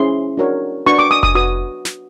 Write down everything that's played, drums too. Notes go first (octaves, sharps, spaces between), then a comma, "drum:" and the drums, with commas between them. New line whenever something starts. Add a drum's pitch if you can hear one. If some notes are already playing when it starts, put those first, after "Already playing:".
Already playing: C#4 E4 G#4 C5 C6
D4 F#4 A#4 C#5
D4 F#4 B4 C#6
D6
D#6
D#6, drum: kick F1
F#4 B4 D#6
drum: snare